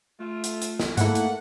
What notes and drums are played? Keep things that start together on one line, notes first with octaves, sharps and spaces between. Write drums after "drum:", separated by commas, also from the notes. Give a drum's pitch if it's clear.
A3 F4
drum: hi-hat
drum: hi-hat
drum: snare
G#2 A3 A#3 E4 F#5, drum: hi-hat
drum: hi-hat